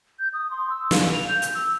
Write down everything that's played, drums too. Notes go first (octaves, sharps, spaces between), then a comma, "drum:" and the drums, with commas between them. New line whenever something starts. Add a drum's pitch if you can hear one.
G6
D#6
C6
E6
F5, drum: snare
F7
G6
drum: hi-hat
E6